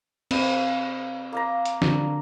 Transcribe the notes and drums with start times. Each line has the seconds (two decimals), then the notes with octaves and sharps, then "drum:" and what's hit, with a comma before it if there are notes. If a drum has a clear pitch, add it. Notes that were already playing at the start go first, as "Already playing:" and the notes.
0.31 C4 B4 F5, drum: cymbal
1.32 A#3 F5 A#5
1.65 drum: hi-hat
1.82 D3 D4, drum: snare